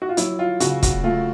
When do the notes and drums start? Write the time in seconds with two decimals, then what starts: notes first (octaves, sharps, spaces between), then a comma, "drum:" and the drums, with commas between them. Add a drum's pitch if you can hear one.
0.02 F#4
0.09 F4
0.17 F#3 E4, drum: hi-hat
0.39 F4
0.60 C#3 F#4, drum: hi-hat
0.83 F#4, drum: kick E1, hi-hat
1.04 A3 F4